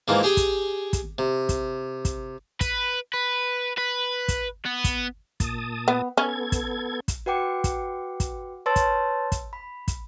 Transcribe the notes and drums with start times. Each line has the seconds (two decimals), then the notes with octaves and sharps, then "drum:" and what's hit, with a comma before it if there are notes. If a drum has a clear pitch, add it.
0.08 G#2 E3 F3 A#3
0.23 G4 G#4 G5 G#5
0.37 drum: kick, hi-hat
0.93 drum: kick, hi-hat
1.18 C3
1.49 drum: kick, hi-hat
2.05 drum: kick, hi-hat
2.61 B4, drum: kick, hi-hat
3.14 B4
3.78 B4
4.28 drum: kick, hi-hat
4.66 B3
4.84 drum: kick, hi-hat
5.40 A#2 A5 D#6, drum: kick, hi-hat
5.88 B3
6.17 B3 C#4 A4 G#6
6.52 drum: kick, hi-hat
7.08 drum: kick, hi-hat
7.26 F#4 B4 F#5 G5 D6 C#7
7.64 drum: kick, hi-hat
8.20 drum: kick, hi-hat
8.66 B4 C#5 A5 C6 E6 A6
8.76 drum: kick, hi-hat
9.32 drum: kick, hi-hat
9.53 B5
9.88 drum: kick, hi-hat